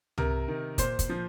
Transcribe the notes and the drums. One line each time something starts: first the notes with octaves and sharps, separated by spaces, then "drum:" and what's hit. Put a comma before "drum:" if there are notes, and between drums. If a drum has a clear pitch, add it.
C3 A#4, drum: tom
D#3
A#2 C5, drum: kick, hi-hat
drum: kick, hi-hat
F3